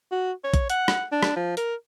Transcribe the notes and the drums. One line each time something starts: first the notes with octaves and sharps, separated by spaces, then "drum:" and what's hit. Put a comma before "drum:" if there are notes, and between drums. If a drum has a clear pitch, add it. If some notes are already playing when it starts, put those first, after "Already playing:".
F#4
C#5
drum: kick A#1, hi-hat
F#5, drum: hi-hat
drum: rim click
D4
drum: rim click
F3
A#4, drum: hi-hat